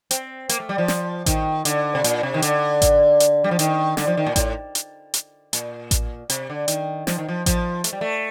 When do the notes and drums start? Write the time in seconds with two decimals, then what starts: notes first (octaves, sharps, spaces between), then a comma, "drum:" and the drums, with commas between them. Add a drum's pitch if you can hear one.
0.11 C4, drum: hi-hat
0.49 A#3, drum: hi-hat
0.60 A3
0.69 G3
0.78 F3
0.88 drum: snare
1.26 D#3, drum: kick A1, hi-hat
1.65 D3, drum: hi-hat
1.95 C3
2.04 A#2, drum: hi-hat
2.23 C3
2.34 D#3
2.42 D3, drum: hi-hat
2.82 drum: kick A1, hi-hat
3.20 drum: hi-hat
3.44 G3
3.51 F3
3.59 D#3, drum: hi-hat
3.97 D3, drum: snare
4.07 F3
4.17 D#3
4.27 A#2
4.36 A2, drum: kick A1, hi-hat
4.75 drum: hi-hat
5.14 drum: hi-hat
5.53 A#2, drum: hi-hat
5.91 drum: kick A1, hi-hat
6.30 C3, drum: hi-hat
6.50 D3
6.68 D#3, drum: hi-hat
7.07 F3, drum: snare
7.18 D#3
7.29 F3
7.46 F3, drum: kick A1, hi-hat
7.84 A3, drum: hi-hat
7.93 G3
8.01 A3